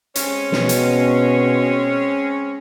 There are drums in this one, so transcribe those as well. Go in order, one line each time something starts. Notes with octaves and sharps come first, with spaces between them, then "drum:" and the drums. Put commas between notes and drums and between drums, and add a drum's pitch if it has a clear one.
G#3 C4 C#4, drum: hi-hat
B2, drum: snare
drum: hi-hat